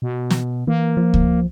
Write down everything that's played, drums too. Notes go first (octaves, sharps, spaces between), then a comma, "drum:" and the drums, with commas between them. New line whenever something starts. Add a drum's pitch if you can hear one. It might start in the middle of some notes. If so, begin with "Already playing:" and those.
B2
drum: snare
E3 A#3
F3
drum: kick C#2